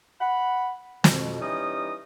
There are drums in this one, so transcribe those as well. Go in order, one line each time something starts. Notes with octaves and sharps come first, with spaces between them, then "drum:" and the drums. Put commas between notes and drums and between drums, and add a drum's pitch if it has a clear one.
F#5 B5
F2 B2, drum: snare
E3 G3 C#4 D#4 D#5 D#6